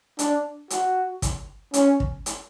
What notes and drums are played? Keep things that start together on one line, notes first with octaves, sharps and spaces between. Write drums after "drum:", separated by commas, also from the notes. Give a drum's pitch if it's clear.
D4, drum: hi-hat
F#4, drum: hi-hat
drum: kick, hi-hat
C#4, drum: hi-hat
drum: kick
drum: hi-hat